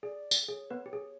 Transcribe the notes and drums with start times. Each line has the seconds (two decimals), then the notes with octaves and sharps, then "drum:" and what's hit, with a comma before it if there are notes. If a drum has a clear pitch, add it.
0.03 G#4 D5
0.31 drum: tambourine
0.48 G#4 C#5
0.70 B3 B4
0.86 G4
0.93 G#4